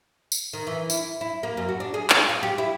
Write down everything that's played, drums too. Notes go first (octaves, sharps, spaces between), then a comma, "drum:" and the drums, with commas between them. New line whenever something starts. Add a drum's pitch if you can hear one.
drum: tambourine
D#3
E3
E4, drum: tambourine
E4
A#3
F#2
F#4
D4
G#4
drum: clap
F4
G4
E4